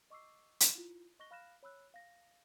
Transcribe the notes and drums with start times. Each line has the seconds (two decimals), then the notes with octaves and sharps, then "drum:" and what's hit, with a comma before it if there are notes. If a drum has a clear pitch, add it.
0.10 D#5 C#6 D6 E6 C7
0.60 drum: hi-hat
0.75 E4 F4
1.19 D#5 C#6 F#6 A#6 G7
1.31 F5 B5 F6 F#6 A#6 E7
1.63 C#5 B5 E6 F#6
1.94 F5 A#6